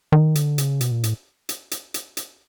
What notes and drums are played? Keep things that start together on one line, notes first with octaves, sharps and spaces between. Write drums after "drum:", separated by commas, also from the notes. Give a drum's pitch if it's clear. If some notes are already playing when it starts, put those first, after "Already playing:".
D#3
D3, drum: hi-hat
C#3, drum: hi-hat
B2, drum: hi-hat
A#2
A2, drum: hi-hat
drum: hi-hat
drum: hi-hat
drum: hi-hat
drum: hi-hat